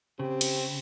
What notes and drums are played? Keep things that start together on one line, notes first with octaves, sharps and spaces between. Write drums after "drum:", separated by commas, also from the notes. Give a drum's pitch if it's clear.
C#3 C4 G4
drum: cymbal